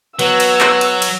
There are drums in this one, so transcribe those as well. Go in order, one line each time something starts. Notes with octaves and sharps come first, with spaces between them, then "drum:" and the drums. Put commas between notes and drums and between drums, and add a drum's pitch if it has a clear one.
F#3 B3 E6, drum: cymbal
drum: cymbal
drum: clap
drum: cymbal
drum: cymbal